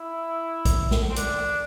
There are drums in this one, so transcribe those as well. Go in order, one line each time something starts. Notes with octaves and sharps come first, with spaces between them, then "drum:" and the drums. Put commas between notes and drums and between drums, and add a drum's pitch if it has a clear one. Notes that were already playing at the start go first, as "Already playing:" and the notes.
Already playing: E4
drum: kick, hi-hat
drum: snare
C4
D4, drum: hi-hat